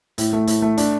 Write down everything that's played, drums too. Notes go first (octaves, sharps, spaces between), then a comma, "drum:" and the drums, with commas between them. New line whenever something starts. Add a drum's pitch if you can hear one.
A2, drum: hi-hat
A3
A2, drum: hi-hat
A3
D4, drum: hi-hat